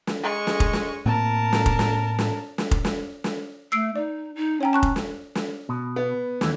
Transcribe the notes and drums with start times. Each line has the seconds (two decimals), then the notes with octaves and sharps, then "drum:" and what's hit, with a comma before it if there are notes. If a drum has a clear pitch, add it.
0.07 drum: snare
0.23 G#3 C#6
0.47 drum: snare
0.60 drum: kick F1
0.73 drum: snare
1.06 A2 A#3 C4 A#4 A5
1.53 drum: snare
1.66 drum: kick F1
1.79 drum: snare
2.19 drum: snare
2.58 drum: snare
2.71 drum: kick F1
2.85 drum: snare
3.24 drum: snare
3.72 A3 E6 C7 D7
3.96 D#4 D5
4.35 D#4
4.61 C#4 C#5 G5 A#5
4.73 A5 C#6 F#6
4.83 drum: kick F1
4.96 drum: snare
5.35 drum: snare
5.69 B2
5.96 B3
6.41 D#2 E3, drum: snare